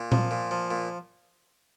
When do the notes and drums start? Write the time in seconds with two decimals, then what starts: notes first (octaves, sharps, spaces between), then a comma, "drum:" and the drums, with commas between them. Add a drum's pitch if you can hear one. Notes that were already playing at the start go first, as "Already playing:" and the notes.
Already playing: A#2
0.12 F3, drum: tom A#2
0.31 A#2
0.51 F3
0.71 A#2